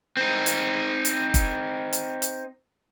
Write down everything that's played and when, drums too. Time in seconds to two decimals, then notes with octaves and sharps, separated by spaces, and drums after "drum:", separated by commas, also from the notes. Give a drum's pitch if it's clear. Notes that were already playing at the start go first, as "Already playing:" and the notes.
0.17 C4 D#4
0.46 drum: hi-hat
1.05 drum: hi-hat
1.34 drum: kick, hi-hat
1.93 drum: hi-hat
2.22 drum: hi-hat